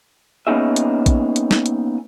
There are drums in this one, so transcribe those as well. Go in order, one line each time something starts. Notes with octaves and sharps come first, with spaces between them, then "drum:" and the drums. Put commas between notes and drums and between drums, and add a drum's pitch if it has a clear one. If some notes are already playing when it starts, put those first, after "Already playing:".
A#3 B3 C#4 D#4 G#4 E5
drum: hi-hat
drum: kick A#1, hi-hat
drum: hi-hat
drum: snare
drum: hi-hat